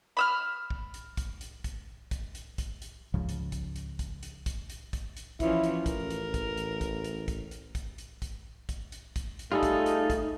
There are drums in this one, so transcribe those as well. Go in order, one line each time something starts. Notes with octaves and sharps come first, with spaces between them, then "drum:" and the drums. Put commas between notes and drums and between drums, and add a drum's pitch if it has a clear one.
B5 E6 F6
drum: kick
drum: hi-hat
drum: kick, hi-hat
drum: hi-hat
drum: kick, hi-hat
drum: kick, hi-hat
drum: hi-hat
drum: kick, hi-hat
drum: hi-hat
C#2 G#2 C#3 F3
drum: hi-hat
drum: kick, hi-hat
drum: hi-hat
drum: kick, hi-hat
drum: hi-hat
drum: kick, hi-hat
drum: hi-hat
drum: kick, hi-hat
drum: hi-hat
E3 F3 C#4 E4, drum: kick, hi-hat
drum: hi-hat
A1 A#4, drum: kick, hi-hat
drum: hi-hat
drum: kick, hi-hat
drum: hi-hat
drum: kick, hi-hat
drum: hi-hat
drum: kick, hi-hat
drum: hi-hat
drum: kick, hi-hat
drum: hi-hat
drum: kick, hi-hat
drum: kick, hi-hat
drum: hi-hat
drum: kick, hi-hat
drum: hi-hat
G3 A3 D#4 F4 G#4 A4
drum: kick, hi-hat
drum: hi-hat
drum: kick, hi-hat